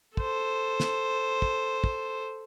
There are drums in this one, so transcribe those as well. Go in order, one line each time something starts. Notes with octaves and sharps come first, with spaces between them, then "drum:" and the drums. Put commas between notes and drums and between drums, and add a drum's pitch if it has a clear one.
A4 C5, drum: kick
drum: snare
drum: kick
drum: kick